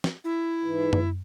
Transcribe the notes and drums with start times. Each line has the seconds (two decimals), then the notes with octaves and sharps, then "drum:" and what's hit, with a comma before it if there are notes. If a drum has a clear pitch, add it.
0.04 drum: snare
0.24 E4
0.64 G#2 E3
0.93 drum: tom F#2